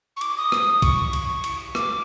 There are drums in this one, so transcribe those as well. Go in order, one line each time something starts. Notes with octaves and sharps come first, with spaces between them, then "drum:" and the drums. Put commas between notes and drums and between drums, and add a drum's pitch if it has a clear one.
C#6
D6, drum: cymbal
D#6
drum: rim click
C#6, drum: kick A#1, cymbal
drum: cymbal
drum: cymbal
D6, drum: rim click